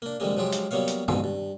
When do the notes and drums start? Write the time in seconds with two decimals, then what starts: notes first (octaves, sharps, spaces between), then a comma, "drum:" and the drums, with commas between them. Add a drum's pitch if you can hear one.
0.02 A#3 D4
0.20 F2 D3 G3 G#3 A#3
0.37 F3 F#3 G#3 F4 G4
0.52 drum: hi-hat
0.71 F#3 G3 A#3 B3 C#5 F5
0.88 drum: hi-hat
1.08 F2 G#2 B2 D3 C4, drum: tom
1.24 G2